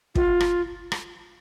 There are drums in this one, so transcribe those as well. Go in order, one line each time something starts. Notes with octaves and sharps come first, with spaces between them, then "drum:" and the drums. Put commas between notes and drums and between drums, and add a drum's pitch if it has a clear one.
F4, drum: kick
drum: rim click
drum: rim click